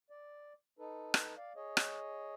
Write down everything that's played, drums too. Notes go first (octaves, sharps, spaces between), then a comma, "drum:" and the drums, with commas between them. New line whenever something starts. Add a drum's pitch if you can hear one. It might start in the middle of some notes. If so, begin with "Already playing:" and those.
D5
D#4 A4 B4
drum: rim click
D5 F5
G#4 C#5 D#5
drum: rim click